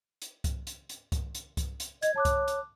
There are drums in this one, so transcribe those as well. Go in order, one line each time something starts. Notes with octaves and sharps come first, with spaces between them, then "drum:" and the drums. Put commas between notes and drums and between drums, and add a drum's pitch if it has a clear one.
drum: hi-hat
drum: kick C2, hi-hat
drum: hi-hat
drum: hi-hat
drum: kick C2, hi-hat
drum: hi-hat
drum: kick C2, hi-hat
drum: hi-hat
D#5 G#6, drum: hi-hat
C#5 A5 D6 F#6
drum: kick C2, hi-hat
drum: hi-hat